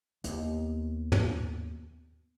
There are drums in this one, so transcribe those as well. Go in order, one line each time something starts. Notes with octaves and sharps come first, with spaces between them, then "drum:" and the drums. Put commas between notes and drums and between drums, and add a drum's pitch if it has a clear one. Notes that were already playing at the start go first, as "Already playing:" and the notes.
D#2 B3, drum: hi-hat
drum: tom